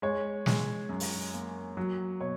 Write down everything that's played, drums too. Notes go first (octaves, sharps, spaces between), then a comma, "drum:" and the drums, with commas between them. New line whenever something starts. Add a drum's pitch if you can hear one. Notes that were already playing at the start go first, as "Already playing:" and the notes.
G#3 C#5
G#3, drum: snare
F#2
drum: open hi-hat
A#3
F#3
B2 C#5